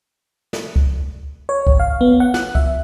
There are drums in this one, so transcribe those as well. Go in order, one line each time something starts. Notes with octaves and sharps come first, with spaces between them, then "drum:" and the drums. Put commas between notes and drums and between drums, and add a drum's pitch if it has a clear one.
drum: snare
drum: kick C#2
C#5
G#1, drum: kick C#2
F5
B3
F#5
F#6, drum: snare
E5, drum: kick C#2